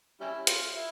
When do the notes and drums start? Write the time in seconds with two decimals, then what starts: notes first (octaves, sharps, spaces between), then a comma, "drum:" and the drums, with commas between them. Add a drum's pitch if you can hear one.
0.21 G3 C#4 E4
0.47 F4, drum: hi-hat
0.75 E4